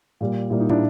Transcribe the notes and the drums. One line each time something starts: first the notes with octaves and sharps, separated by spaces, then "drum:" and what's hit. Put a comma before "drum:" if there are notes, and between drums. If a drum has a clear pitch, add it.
A#2 G3 A#3
A#2 G3 A#3 E4
D#4
D4 E4, drum: tom